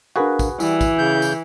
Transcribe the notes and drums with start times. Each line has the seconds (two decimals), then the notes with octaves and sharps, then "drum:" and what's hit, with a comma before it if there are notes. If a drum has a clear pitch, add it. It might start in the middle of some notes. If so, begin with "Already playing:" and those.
0.16 D4 F#4 G#4 A#4 B4 F5
0.39 drum: kick, tambourine
0.60 E3 G3 E4, drum: tambourine
0.81 drum: kick, tambourine
0.98 C#3 G6
1.22 drum: tambourine